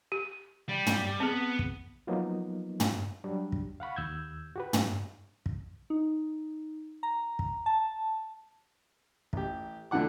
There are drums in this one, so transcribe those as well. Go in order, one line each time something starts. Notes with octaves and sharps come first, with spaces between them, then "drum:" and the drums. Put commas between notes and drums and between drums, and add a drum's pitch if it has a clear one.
G4
G3
drum: tom
B3 C4 G#4
drum: kick
F3 F#3 A#3 B3 D#4
drum: tom
F#3 G3 D4
drum: kick
F5 F#5 B5 C#6
D#2 E6 G6 G#6
F#4 G4 B4
drum: tom
drum: kick
D#4
A#5
drum: kick
A5
A1 G4, drum: kick
A2 D3 E3 F#5 D6